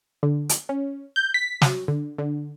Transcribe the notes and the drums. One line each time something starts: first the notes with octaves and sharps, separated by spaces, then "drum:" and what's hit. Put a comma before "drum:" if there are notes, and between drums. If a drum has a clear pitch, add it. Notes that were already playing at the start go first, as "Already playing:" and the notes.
D3
drum: hi-hat
C#4
G6
B6
F#3, drum: snare
D3
D3